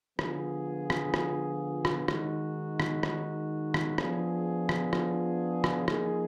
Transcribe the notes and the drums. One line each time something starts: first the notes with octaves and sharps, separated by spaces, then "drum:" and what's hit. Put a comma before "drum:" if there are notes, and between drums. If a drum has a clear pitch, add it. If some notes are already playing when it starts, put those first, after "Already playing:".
D3 F3 B3 F4 G#4, drum: rim click
drum: rim click
drum: rim click
drum: rim click
D#3 G#3 D#4 F#4, drum: rim click
drum: rim click
drum: rim click
drum: rim click
F3 B3 D4 F4 G#4, drum: rim click
drum: rim click
drum: rim click
drum: rim click
F3 A#3 D#4 G#4, drum: rim click